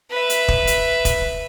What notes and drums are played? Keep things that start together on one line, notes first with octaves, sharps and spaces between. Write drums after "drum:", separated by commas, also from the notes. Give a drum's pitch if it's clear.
B4 E5
drum: hi-hat
drum: kick
drum: hi-hat
drum: kick, hi-hat